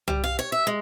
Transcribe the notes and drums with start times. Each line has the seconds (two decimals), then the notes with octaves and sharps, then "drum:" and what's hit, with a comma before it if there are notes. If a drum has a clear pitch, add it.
0.08 G3, drum: tom
0.24 F5
0.39 C#5
0.52 E5
0.67 G#3